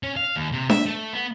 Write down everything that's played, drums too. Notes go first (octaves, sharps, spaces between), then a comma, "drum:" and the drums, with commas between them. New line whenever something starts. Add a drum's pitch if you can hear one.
C#4
F5
D#2
C3
E5, drum: snare D4
A3
B3